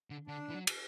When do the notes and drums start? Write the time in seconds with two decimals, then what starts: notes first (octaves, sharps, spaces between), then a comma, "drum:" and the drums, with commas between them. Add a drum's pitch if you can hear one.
0.10 D3
0.27 D3 D4
0.50 E3
0.54 F#3
0.67 drum: cymbal